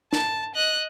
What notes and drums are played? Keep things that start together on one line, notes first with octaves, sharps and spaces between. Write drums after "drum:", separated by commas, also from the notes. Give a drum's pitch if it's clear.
A5, drum: snare
D#5 F#6